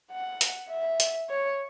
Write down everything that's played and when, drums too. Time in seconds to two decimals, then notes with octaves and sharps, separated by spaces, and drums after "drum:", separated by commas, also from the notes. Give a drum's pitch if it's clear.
0.12 F#5
0.41 drum: hi-hat
0.70 E5
1.00 drum: hi-hat
1.30 C#5